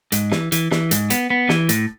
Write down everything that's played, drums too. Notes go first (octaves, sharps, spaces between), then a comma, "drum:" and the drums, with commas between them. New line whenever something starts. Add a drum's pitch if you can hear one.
G#2, drum: hi-hat
E3, drum: snare
E3, drum: hi-hat
E3, drum: snare
G#2, drum: hi-hat
B3, drum: hi-hat
B3
E3, drum: snare
A2, drum: hi-hat